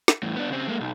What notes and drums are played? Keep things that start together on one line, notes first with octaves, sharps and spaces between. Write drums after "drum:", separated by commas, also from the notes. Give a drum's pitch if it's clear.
drum: snare
E2 A2
B3 D4
C#3 C4
G#3 A#3
B1